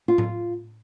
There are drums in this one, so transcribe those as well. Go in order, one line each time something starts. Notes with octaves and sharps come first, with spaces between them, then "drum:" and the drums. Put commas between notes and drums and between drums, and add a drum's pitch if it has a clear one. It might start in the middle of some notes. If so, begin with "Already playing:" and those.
F4
drum: tom A2